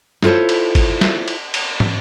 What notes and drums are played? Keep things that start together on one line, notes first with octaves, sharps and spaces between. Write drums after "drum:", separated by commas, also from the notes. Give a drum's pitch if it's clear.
E4 F4 A4 C5 C#5, drum: snare
drum: cymbal
drum: kick, cymbal
drum: snare
drum: cymbal
drum: cymbal
drum: tom